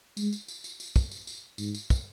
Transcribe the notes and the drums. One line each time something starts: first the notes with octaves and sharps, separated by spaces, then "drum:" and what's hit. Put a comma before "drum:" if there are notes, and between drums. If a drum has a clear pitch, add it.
G#3, drum: tambourine
drum: tambourine
drum: tambourine
drum: tambourine
drum: tambourine
drum: kick, tambourine
drum: tambourine
drum: tambourine
G#2, drum: tambourine
drum: tambourine
drum: kick, tambourine